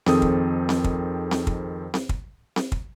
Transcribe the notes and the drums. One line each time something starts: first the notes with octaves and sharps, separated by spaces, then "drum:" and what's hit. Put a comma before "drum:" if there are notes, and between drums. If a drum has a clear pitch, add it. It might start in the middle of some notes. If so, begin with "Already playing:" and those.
F2 D#3 C4 G#4 A4 D#6, drum: snare C4
drum: kick
drum: snare C4
drum: kick
drum: snare C4
drum: kick
drum: snare C4
drum: kick
drum: snare C4
drum: kick